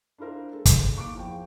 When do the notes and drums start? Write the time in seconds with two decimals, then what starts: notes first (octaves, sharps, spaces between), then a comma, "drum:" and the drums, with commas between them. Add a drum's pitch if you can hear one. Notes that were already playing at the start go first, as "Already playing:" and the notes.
0.18 D4 E4 F4 A#4 C5
0.52 G#3 A4
0.65 drum: kick, hi-hat
0.96 A#3 C#6 D6 D7
1.15 E2 F3 G5